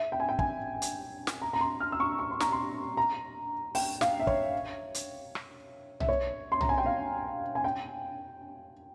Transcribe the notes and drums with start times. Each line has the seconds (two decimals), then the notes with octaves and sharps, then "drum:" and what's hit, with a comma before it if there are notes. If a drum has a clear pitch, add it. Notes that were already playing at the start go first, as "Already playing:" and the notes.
Already playing: E5
0.12 G5
0.20 G#5
0.29 G5
0.39 G#5, drum: kick
0.82 drum: hi-hat
1.27 drum: snare
1.42 A#5
1.53 A#5
1.61 C6
1.80 F6
1.92 E6
2.00 C#6
2.19 C#6
2.31 C6
2.40 A#5, drum: snare
2.52 C6
2.97 A#5
3.75 G5, drum: open hi-hat
4.01 F5, drum: snare
4.20 E5
4.27 C#5, drum: kick
4.94 drum: hi-hat
5.35 drum: rim click
6.00 E5, drum: tom B1
6.09 C#5
6.52 C6
6.61 A#5, drum: tom B1
6.69 G#5
6.78 G5
6.86 F5
7.55 G#5
7.64 G5